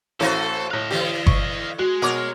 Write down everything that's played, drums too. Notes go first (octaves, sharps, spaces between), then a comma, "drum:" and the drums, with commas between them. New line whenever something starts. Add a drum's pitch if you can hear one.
A1 A3 E4 F#4 A4 C5 C#5
A2 D#5 F5 F#6
D3 E3 G4
C#6, drum: kick G1
G#3 F#4
B2 A#4 C#5 D6